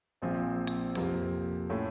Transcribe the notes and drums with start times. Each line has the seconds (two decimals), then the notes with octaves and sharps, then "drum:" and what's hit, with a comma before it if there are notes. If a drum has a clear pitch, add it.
0.22 A#1 A#2 F3 C4
0.67 drum: hi-hat
0.95 F2 C3 F3 A#3, drum: open hi-hat
1.70 A2 A3 C#4